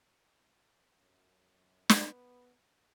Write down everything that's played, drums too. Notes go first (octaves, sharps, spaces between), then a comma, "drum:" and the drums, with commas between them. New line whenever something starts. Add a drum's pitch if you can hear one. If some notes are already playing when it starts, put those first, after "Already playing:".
F#2
B3, drum: snare